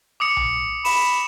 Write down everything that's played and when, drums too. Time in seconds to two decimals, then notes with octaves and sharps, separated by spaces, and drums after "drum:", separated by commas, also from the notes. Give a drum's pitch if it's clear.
0.20 D6 D#6 C#7
0.37 drum: tom B1
0.85 B5 E7, drum: open hi-hat